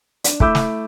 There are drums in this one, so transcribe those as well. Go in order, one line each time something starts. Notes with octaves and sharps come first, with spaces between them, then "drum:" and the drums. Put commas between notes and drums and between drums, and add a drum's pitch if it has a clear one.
D4, drum: hi-hat
A3 E4 B5 D6 E6 G6, drum: kick
drum: snare